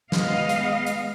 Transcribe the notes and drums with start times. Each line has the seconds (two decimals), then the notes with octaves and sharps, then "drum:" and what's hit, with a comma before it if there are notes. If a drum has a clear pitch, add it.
0.12 G#3 B3 D#5 F5, drum: snare
0.49 drum: hi-hat
0.87 drum: hi-hat